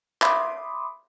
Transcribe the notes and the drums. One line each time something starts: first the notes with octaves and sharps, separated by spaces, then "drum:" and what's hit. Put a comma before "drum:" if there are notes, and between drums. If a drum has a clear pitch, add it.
E5 B5 C6 D6 D#6, drum: clap